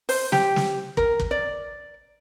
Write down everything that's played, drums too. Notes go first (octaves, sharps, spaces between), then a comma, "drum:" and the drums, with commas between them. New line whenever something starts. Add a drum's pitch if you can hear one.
C5, drum: open hi-hat
G4, drum: snare
drum: snare
A#4, drum: kick
drum: kick
D5